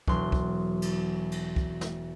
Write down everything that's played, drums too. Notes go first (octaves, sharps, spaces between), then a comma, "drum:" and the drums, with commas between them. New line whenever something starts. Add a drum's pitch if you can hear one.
E1 F#3 C6, drum: kick
drum: kick
drum: cymbal
drum: cymbal
drum: kick
drum: snare